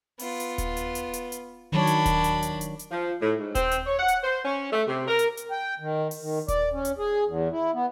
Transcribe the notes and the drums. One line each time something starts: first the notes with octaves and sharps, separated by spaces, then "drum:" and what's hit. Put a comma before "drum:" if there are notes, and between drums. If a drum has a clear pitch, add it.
B3 F4, drum: open hi-hat
drum: hi-hat
drum: kick D#1, hi-hat
drum: hi-hat
drum: hi-hat
drum: hi-hat
drum: hi-hat
D#3 F#3 D4 C#5 B5
drum: hi-hat
drum: kick D#1, hi-hat
drum: hi-hat
drum: hi-hat
drum: hi-hat
drum: hi-hat
F3
A2
G#2
C4, drum: kick D#1, hi-hat
drum: hi-hat
C#5
F#5
drum: hi-hat
C5
C#4
A3
C3
A#4
drum: hi-hat
drum: hi-hat
G5
D#3
drum: open hi-hat
D#3
D5, drum: kick D#1, hi-hat
C#4
drum: hi-hat
G#4
E2
E4
B3